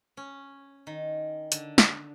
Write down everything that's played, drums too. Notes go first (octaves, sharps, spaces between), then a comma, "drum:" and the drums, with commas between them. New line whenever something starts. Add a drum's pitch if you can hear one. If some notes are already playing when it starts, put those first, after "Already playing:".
C#4
D#3
D3, drum: hi-hat
drum: snare